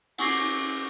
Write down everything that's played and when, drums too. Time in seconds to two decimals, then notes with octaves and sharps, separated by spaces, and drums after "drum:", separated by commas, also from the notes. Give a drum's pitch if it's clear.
0.18 F#5 G#5 C#6 D6 A#6 C7, drum: cymbal